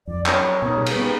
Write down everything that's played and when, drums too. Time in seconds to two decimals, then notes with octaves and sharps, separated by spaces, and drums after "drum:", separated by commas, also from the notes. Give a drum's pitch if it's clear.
0.07 F2 D5
0.26 F#3 C#5, drum: clap
0.46 A#4
0.62 B2 D#3 D#4 G#4
0.77 G3
0.86 drum: cymbal
0.96 G3 B3 C#6